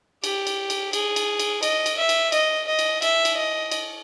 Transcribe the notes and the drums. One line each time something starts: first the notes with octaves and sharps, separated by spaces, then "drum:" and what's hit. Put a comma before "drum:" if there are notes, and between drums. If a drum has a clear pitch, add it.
G4, drum: cymbal
drum: cymbal
drum: cymbal
G#4, drum: cymbal
drum: cymbal
drum: cymbal
D#5, drum: cymbal
drum: cymbal
E5
drum: cymbal
D#5, drum: cymbal
D#5
drum: cymbal
E5, drum: cymbal
drum: cymbal
D#5
drum: cymbal